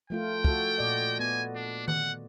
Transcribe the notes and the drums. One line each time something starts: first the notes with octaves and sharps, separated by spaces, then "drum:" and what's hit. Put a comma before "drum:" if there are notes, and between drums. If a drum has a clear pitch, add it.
F3 A3 F4 G5
F#4 A4, drum: kick
A#2 D5 D#5
B3 G#5
D4
F#5, drum: tom D#3